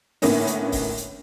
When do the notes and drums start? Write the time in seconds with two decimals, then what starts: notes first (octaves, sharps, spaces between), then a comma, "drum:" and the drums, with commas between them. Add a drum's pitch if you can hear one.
0.22 A2 D3 A#3 B3 C#4 D#4, drum: open hi-hat
0.47 drum: hi-hat
0.72 drum: kick C#1, open hi-hat
0.97 drum: hi-hat